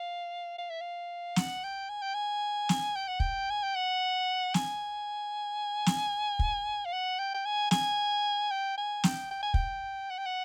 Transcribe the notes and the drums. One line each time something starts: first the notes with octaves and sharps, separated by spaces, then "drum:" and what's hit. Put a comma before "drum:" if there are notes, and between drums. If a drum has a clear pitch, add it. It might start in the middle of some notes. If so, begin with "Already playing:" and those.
Already playing: F5
F5
E5
F5
F#5, drum: snare
G5
G#5
G5
G#5
drum: snare
G5
F#5
G5, drum: kick
G#5
G5
F#5
G#5, drum: snare
drum: snare
drum: kick
F5
F#5
G5
G5
G#5
G#5, drum: snare
G5
G#5
G5, drum: snare
G5
G#5
G5, drum: kick
F#5
G5
F#5